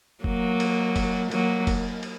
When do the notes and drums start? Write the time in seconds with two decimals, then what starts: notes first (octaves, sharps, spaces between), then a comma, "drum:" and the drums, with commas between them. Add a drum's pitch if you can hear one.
0.24 F#3 A#3, drum: kick
0.60 drum: cymbal
0.96 drum: kick, cymbal
1.31 F#3 A#3, drum: cymbal
1.67 drum: kick, cymbal
2.03 drum: cymbal